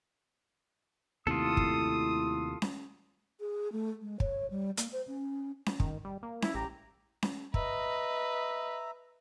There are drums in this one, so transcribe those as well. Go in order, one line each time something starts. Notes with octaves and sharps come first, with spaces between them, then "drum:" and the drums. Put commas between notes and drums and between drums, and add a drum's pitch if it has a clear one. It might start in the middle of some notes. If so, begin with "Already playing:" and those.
D#2 A2 C3 F4 A4 D#6
drum: kick
drum: snare C#4
G#4
A3
G#3
C#5, drum: kick
G3
A#3, drum: hi-hat
C5
C#4
drum: snare C#4
D#3, drum: kick
G3
A#3
E4, drum: snare C#4
A1 G4 A#5
drum: snare C#4
B4 D#5 E5 A#5, drum: kick